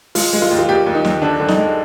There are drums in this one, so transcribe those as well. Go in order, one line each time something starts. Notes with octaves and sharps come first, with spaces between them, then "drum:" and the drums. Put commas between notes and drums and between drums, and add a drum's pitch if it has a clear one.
G#3 F4, drum: open hi-hat
G#3
F4
D#2
F4
D#2 G4
D#2
D#4
D#2, drum: snare
D3 D4
D3
D#4, drum: snare
G#3